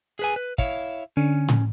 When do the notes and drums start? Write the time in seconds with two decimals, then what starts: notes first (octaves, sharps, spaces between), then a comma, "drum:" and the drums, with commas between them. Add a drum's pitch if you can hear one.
0.19 G#4 B4 G#5
0.36 B4
0.58 E4 C#5 F5, drum: kick
1.17 D3 C#4
1.48 drum: tom A2